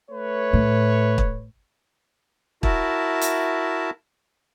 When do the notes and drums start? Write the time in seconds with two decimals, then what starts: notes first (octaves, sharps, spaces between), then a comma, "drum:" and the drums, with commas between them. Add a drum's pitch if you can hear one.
0.11 A3 B4 C#5
0.53 A2
1.18 drum: kick
2.63 E4 F#4 A#4 E5 A5, drum: kick
3.21 drum: hi-hat